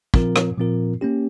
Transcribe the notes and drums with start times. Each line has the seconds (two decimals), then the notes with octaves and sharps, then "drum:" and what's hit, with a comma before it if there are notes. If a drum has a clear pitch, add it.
0.14 A#2 F3 C4 F4 A#4, drum: kick
0.36 drum: rim click
0.58 A#2 F3 C4 F4 A#4
1.01 A#3 C#4 G4